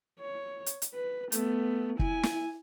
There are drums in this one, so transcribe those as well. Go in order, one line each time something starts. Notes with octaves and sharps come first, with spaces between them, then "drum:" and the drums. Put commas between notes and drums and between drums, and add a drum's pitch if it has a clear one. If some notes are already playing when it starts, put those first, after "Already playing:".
C#5
drum: hi-hat
drum: hi-hat
B4
A3 B3, drum: hi-hat
E4 G#5, drum: kick
drum: snare